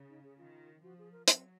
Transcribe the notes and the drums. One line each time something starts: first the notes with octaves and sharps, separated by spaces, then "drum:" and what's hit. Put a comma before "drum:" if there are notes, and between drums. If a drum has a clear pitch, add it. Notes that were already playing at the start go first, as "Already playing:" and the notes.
Already playing: C#3
D#4
G#4
D#3 F4
F3 F#4
G#4
A#4
F#3 C4, drum: hi-hat